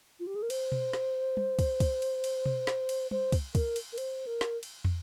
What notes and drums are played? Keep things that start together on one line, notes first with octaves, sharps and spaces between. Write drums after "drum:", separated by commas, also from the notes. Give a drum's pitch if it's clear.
F4
G4
G#4
A#4
C5, drum: cymbal
drum: tom B2
drum: snare
drum: tom
drum: kick, cymbal
drum: kick, cymbal
drum: cymbal
drum: cymbal
drum: tom B2
drum: snare
drum: cymbal
C5, drum: tom
drum: kick, cymbal
A#4, drum: kick, cymbal
drum: cymbal
A#4
C5, drum: cymbal
A#4
drum: snare
drum: cymbal
drum: tom